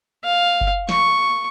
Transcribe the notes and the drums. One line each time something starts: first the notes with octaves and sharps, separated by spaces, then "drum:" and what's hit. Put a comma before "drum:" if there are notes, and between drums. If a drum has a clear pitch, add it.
F5
drum: kick F#1
C#6, drum: snare